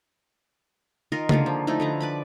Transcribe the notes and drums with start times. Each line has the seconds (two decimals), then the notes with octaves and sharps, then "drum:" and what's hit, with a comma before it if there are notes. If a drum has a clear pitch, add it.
1.12 D#3 F4 A#4 D#5
1.29 D3 A#3 F4 G#4, drum: tom C#3
1.46 F3
1.67 F3 A3 D#4 E4
1.80 D3 B4 A#5
2.00 B4 D5 B5